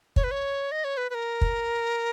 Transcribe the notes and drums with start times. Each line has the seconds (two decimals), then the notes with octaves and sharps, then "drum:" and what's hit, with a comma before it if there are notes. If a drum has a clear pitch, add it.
0.16 C#5, drum: kick
0.24 B4
0.31 C#5
0.72 D#5
0.84 C#5
0.97 B4
1.10 B4
1.14 A#4
1.41 drum: kick